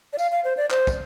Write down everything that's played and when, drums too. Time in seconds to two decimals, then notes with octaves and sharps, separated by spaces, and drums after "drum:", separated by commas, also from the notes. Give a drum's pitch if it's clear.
0.13 D5
0.18 F5, drum: tambourine
0.32 F5
0.44 C5
0.57 D5
0.70 C5, drum: clap
0.87 drum: kick, tambourine